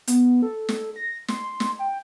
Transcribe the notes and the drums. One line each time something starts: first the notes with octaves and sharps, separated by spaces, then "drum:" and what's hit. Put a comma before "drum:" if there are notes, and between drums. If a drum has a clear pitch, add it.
B3, drum: hi-hat
A4
drum: snare
A#6
C6, drum: snare
drum: snare
G5